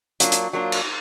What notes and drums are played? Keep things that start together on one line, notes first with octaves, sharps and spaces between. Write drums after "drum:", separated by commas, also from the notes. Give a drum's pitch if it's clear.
F#3 A#3 D4 F4, drum: hi-hat
drum: hi-hat
F#3 A#3 D4 F4
drum: cymbal